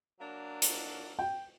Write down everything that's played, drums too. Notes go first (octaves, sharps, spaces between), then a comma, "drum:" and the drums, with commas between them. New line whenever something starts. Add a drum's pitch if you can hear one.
F#3 A#3 D4
drum: hi-hat
G5